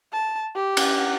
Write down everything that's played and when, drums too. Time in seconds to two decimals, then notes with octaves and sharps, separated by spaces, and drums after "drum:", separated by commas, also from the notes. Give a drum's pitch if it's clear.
0.13 A5
0.56 G4
0.77 drum: cymbal